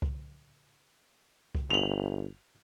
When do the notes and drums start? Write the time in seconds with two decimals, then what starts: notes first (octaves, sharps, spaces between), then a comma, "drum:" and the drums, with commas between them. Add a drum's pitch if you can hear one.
0.02 drum: kick C2
1.55 drum: kick C2
1.70 G1 F7 F#7